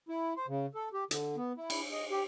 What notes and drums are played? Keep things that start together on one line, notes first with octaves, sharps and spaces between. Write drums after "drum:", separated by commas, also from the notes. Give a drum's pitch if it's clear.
E4
C5
C#3
A4
G4
D3, drum: hi-hat
B3
E4
drum: cymbal
D#5
G4